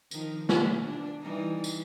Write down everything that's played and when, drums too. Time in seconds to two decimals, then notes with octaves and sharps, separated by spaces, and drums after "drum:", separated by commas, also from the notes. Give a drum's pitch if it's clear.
0.11 D#3 F3 D#4, drum: tambourine
0.49 B3, drum: snare
0.82 D4
1.21 E3 G3 D#4
1.64 drum: tambourine